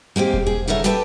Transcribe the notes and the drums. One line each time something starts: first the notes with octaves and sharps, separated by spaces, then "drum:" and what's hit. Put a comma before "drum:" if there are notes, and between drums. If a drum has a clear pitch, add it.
G#3 A#3 C4 G4
drum: kick E1
G#4
C#3 F#3 A4 A#4 E5
G4 A4 B4 G5 A5, drum: snare